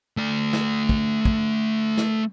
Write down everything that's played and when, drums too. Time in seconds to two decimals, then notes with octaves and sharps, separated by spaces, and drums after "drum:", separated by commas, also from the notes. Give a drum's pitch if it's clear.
0.17 A3 D5
0.53 drum: snare
0.89 drum: kick
1.25 drum: kick
1.98 drum: snare